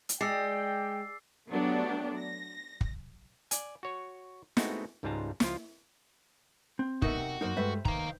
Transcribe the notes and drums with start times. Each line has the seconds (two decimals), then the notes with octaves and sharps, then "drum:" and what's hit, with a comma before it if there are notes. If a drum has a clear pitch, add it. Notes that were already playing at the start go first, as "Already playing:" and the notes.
0.09 drum: hi-hat
0.21 G#3 D5 G5 E6 C7
1.50 F#3 A3 B3 D4 F#4 G4
2.18 A#6
2.81 drum: kick
3.51 D5 G#5, drum: hi-hat
3.83 F#4 C#5
4.57 G#3 A3 B3 C4 D#4 F#4, drum: snare
5.03 C#2 G#2 G3 F4 A5 A#5
5.40 C#2 F3 F4, drum: snare
6.79 C4
7.02 D2 B2 D#4 F#4 A#4 E5, drum: kick
7.15 C3
7.41 F#2 A#3 D#4 A#4 C5
7.57 G2 G#3 A3 B4 C5 E5
7.85 D#3 F5 A#5, drum: kick